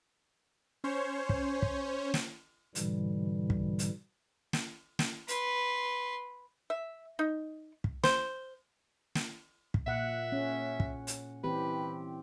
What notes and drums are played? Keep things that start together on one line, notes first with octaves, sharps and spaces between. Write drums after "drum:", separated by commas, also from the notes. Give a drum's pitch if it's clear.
C#4 C5 C#5
drum: kick
drum: kick
drum: snare
G#2 B2 D3 E3 G3, drum: hi-hat
drum: kick
drum: hi-hat
drum: snare
drum: snare
B4 C6, drum: hi-hat
E5
D#4
drum: kick
C5, drum: snare
drum: snare
drum: kick
A#2 E5 F#5
C#4
drum: kick
drum: hi-hat
E3 C4 G4 B4